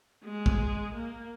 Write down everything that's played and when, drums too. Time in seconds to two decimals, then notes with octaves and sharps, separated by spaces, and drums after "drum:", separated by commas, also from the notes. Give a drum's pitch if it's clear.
0.24 G#3
0.46 drum: kick
0.95 A#3